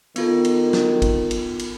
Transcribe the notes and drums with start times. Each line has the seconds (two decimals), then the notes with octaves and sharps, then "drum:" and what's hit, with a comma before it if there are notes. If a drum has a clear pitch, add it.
0.16 D#3 B3 F4 A4, drum: cymbal
0.45 drum: cymbal
0.73 drum: snare
1.02 drum: kick G#1, cymbal
1.31 drum: cymbal
1.59 drum: cymbal